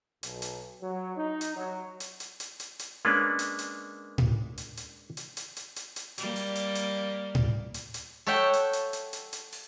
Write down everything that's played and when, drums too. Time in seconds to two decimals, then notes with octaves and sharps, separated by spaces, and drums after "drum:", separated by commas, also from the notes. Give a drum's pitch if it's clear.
0.23 B1, drum: hi-hat
0.42 drum: hi-hat
0.81 F#3
1.17 D#4
1.41 drum: hi-hat
1.56 F#3
2.00 drum: hi-hat
2.20 drum: hi-hat
2.40 drum: hi-hat
2.60 drum: hi-hat
2.79 drum: hi-hat
3.05 G#3 A#3 C#4 D4 B4
3.39 drum: hi-hat
3.59 drum: hi-hat
4.18 drum: tom A2
4.58 drum: hi-hat
4.77 drum: hi-hat
5.17 drum: hi-hat
5.37 drum: hi-hat
5.57 drum: hi-hat
5.76 drum: hi-hat
5.96 drum: hi-hat
6.18 G3 A#3, drum: hi-hat
6.36 drum: open hi-hat
6.56 drum: hi-hat
6.75 drum: hi-hat
7.35 drum: tom A2
7.74 drum: hi-hat
7.94 drum: hi-hat
8.27 A4 C#5 E5 F#5 G5 A5
8.53 drum: hi-hat
8.73 drum: hi-hat
8.93 drum: hi-hat
9.13 drum: hi-hat
9.33 drum: hi-hat
9.52 drum: open hi-hat